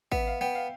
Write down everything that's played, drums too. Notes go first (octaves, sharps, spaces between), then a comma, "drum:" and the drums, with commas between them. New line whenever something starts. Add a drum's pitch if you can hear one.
B3 E5, drum: kick A1
F5
B3 G5
F5